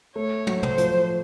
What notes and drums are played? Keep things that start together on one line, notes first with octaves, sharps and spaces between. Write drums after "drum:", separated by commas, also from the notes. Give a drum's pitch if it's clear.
A3 C#5
F#3, drum: tom
C5, drum: tom
F3, drum: hi-hat